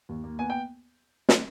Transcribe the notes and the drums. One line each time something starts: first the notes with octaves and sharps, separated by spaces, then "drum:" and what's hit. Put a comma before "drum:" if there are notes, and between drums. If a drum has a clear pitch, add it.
D#2
A#3
B3 G#5
G5
drum: snare